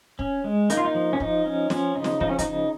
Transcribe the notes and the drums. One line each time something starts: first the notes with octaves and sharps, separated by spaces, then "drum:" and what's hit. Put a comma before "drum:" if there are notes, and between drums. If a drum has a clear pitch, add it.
C#4, drum: kick
G#3
A#3 D#4, drum: hi-hat
F4
D#4
F3
C#4
F3 D#4, drum: kick
C#4
F3 C#4, drum: snare
C#3 D#4
drum: snare
F3 D#4, drum: kick
C#4
D#4, drum: kick, hi-hat
C#3